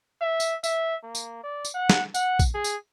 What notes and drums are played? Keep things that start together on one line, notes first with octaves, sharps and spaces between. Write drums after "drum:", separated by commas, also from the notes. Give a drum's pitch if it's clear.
E5
drum: tambourine
E5, drum: tambourine
A#3
drum: tambourine
D5
drum: tambourine
F#5
drum: snare
F#5, drum: tambourine
drum: kick A#1, tambourine
G#4
drum: tambourine